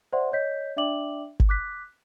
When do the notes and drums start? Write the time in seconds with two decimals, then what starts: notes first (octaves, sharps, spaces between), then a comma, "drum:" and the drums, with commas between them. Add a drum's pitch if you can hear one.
0.13 C5 D5 E5 F#5 C6
0.32 C#5 D#5 G6 B6
0.77 D4 D5 E5 G5 D6 F#7
1.40 drum: kick G1
1.49 D6 F#6 B6